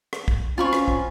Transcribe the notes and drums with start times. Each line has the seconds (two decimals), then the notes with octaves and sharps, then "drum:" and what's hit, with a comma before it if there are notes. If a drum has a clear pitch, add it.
0.13 drum: rim click
0.28 drum: kick
0.58 C4 C#4 F4 B5 C#6
0.73 drum: rim click
0.88 drum: kick